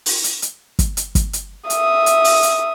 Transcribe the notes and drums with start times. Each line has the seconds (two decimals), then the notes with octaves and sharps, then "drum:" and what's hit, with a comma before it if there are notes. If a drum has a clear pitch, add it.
0.06 drum: open hi-hat
0.24 drum: hi-hat
0.42 drum: hi-hat
0.79 drum: kick, hi-hat
0.97 drum: hi-hat
1.15 drum: kick, hi-hat
1.33 drum: hi-hat
1.70 E5 D#6, drum: hi-hat
2.06 drum: hi-hat
2.24 drum: open hi-hat
2.43 drum: hi-hat